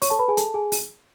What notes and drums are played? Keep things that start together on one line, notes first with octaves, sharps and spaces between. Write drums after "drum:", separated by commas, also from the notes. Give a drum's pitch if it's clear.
C#5 C#6, drum: open hi-hat
A4 A5
B4 B5
G#4 G#5
A4 A5, drum: hi-hat
G#4 G#5
drum: open hi-hat